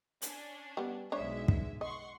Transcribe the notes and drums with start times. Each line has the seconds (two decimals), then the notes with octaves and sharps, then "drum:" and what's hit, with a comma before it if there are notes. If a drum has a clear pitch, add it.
0.22 C#4 D4, drum: hi-hat
0.77 G3 B3
1.12 B1 G#3 D4 C5 C#5 E5
1.48 drum: kick
1.81 D#5 F#5 C6 C#6